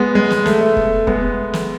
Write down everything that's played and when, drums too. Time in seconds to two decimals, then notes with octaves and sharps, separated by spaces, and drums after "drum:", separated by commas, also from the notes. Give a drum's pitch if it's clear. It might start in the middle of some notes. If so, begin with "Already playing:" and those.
Already playing: G#3 B3
0.15 G#3
0.30 drum: snare
0.46 A3, drum: snare
0.61 A3
0.77 drum: kick F1
1.07 G#3 B3, drum: kick F1
1.53 drum: snare